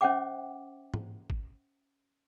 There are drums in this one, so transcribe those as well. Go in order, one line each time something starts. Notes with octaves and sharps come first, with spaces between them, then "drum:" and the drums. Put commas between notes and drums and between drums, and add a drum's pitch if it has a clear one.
C#4 C5 E5 F#5 G5 D6
drum: tom G#2
drum: kick